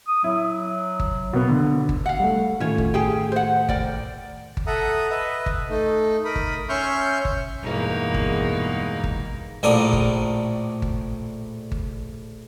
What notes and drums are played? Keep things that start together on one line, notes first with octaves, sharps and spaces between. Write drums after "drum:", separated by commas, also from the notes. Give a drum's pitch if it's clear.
D#6
F#3 E4
drum: kick G1
B2 B3
D3
drum: kick G1
F5 F#5
G3 A3
A2 D#3 A3 C#4 F4 C#5
drum: kick G1
G4 G#4 G5
C5 F#5
A#4 D5 G5, drum: kick G1
drum: kick G1
A4 E5 F#5 A#5 D#6
B4 D#5 E5
drum: kick G1
A3 D#4
A#4 B5 D#6
drum: kick G1
C#4 E5 C6 C#6 F6 G6
drum: kick G1
E2 G2 B2 G#3 A#3 D#4
drum: kick G1
drum: kick G1
A#1 A2 D4 A#4 D5 D#6
drum: kick G1
drum: kick G1
drum: kick G1